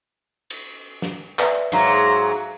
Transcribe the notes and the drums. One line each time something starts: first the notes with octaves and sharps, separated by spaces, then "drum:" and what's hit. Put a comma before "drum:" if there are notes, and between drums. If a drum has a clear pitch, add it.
drum: cymbal
drum: snare
B4 D5 E5, drum: clap
G#2 F#3 E5 F5 A#5, drum: cymbal